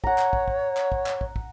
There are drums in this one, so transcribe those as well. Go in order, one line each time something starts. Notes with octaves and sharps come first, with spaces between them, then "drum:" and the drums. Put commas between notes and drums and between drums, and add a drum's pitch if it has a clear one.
C#5 F#5 A#5, drum: kick
drum: clap
drum: kick
drum: kick
drum: clap
drum: kick
drum: clap
drum: kick
drum: kick